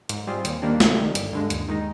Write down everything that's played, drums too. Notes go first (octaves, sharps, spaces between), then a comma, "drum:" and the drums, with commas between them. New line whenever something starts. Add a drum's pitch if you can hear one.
G#2, drum: hi-hat
G3 C4 F4 G#4
D#2, drum: hi-hat
D#3 G3 A#3 D4
C3, drum: snare
D#3 G3
G1, drum: hi-hat
G2 D3 G#3
D#2, drum: hi-hat
D#3 G#3 D#4